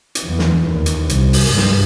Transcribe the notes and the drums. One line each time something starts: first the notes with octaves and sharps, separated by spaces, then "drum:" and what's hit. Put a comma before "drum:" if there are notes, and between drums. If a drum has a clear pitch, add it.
drum: hi-hat
E2
drum: snare
D#2
drum: hi-hat
C2, drum: hi-hat
drum: open hi-hat
G2
drum: snare